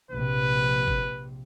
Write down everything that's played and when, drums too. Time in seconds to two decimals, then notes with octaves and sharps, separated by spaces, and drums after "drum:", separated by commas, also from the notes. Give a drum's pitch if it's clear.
0.11 A#1 C3 B4
0.88 drum: kick